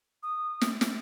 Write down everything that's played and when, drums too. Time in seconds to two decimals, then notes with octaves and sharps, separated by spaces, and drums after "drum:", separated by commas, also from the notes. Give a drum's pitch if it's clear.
0.23 D#6
0.61 drum: snare
0.81 drum: snare